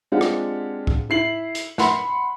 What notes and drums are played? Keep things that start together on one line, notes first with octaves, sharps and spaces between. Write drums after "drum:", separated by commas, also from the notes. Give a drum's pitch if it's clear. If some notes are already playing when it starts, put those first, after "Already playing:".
G#3 C4 D4 F4 G4 F#5
drum: rim click
drum: kick
E4 C7 F#7
drum: hi-hat
F#5 B5 C6, drum: snare